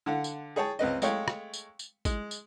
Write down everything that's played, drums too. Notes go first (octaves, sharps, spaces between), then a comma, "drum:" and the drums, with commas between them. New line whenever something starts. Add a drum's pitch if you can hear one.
D3 F5 F#5
drum: tambourine
G#4 C#5 G5 A5
C#2 C4 B4 D#5
G#3 A3 C#5 F5 G5, drum: tambourine
drum: rim click
drum: tambourine
drum: tambourine
G#3, drum: kick, tambourine
drum: tambourine